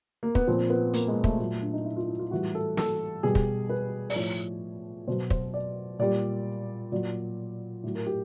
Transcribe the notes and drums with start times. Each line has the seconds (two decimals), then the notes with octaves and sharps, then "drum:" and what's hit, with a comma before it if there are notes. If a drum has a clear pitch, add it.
0.23 A#3
0.35 B3, drum: kick
0.47 A#2 F3 C4
0.70 B3
0.94 A#3, drum: hi-hat
1.08 G#3
1.24 A3, drum: kick
1.39 A#2 F#3 A3
1.62 D4
1.73 D#4
1.85 E4
1.97 F4
2.08 E4
2.19 F4
2.31 A2 E3 G3 F#4
2.55 A4
2.77 A4, drum: snare
3.23 B2 G3 G#4
3.35 drum: kick
3.69 B4
4.10 D5, drum: open hi-hat
4.15 A2 F3 C#5
5.08 B2 F#3 C5
5.30 C5, drum: kick
5.54 D5
5.99 A#2 G3 D5
6.92 A#2 F#3 D5
7.83 A2 F#3
7.95 A#4
8.07 G4